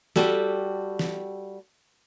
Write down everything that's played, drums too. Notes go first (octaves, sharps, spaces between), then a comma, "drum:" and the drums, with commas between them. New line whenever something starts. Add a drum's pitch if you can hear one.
G3 F#4 G4 A4, drum: snare
drum: snare